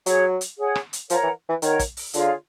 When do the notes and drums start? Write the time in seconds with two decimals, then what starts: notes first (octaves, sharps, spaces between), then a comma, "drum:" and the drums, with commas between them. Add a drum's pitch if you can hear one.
0.06 F#3 G#4 C#5 F#5, drum: hi-hat
0.41 drum: hi-hat
0.58 G#4 C#5 F#5
0.75 drum: rim click
0.93 drum: hi-hat
1.10 F3 A#4 C#5 F#5 A#5, drum: hi-hat
1.23 E3
1.49 E3
1.62 D#3 A#4 C#5 F#5 A#5, drum: hi-hat
1.79 drum: kick, hi-hat
1.97 drum: open hi-hat
2.13 D3 F4 G#4 C#5 F5, drum: hi-hat